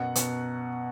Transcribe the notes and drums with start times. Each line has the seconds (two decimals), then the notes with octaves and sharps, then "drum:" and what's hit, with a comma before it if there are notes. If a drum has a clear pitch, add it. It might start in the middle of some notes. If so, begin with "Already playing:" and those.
Already playing: F#2 B2 F#5
0.16 B2, drum: hi-hat